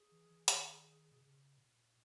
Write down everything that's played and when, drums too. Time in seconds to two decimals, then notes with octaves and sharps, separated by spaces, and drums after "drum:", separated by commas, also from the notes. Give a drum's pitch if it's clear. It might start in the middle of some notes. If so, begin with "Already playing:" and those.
Already playing: G#4
0.12 E3
0.30 E3
0.48 D#3, drum: hi-hat
1.12 B2
1.21 C#3
1.58 A#2